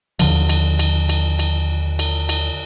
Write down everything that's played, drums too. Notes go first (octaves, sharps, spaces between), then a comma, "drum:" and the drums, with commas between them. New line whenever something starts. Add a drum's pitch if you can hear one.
D#2 D3 F3, drum: cymbal
drum: cymbal
drum: cymbal
drum: cymbal
drum: cymbal
drum: cymbal
drum: cymbal